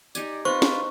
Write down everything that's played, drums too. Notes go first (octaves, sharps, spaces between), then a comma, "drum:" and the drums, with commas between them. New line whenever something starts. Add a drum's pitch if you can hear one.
D#4 G4 D5 G#5, drum: tambourine
C4 D#4 F4 B4 C5 C#6
drum: snare